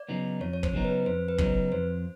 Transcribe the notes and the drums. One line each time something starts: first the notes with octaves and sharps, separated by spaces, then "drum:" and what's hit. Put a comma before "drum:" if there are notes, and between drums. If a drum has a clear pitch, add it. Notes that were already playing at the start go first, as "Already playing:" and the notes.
Already playing: D5
C#3 F#3 B3 D#4
F2 C#5
C#5
C5, drum: kick
C#3 F#3 B3 D#4
B4
F2 C5
B4
C#3 F#3 B3 D#4, drum: kick
B4
F2 C5